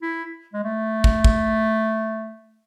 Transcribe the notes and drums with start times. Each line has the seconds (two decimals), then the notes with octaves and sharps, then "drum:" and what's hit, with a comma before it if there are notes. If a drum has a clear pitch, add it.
0.02 E4
0.54 G#3
0.64 A3
1.04 drum: kick
1.24 drum: kick